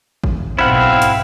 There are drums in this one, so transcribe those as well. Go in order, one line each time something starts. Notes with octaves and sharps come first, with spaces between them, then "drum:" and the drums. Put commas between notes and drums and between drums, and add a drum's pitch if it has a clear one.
drum: kick G#1
B1 G#2 B2 C4 E4 F5 F#5
drum: hi-hat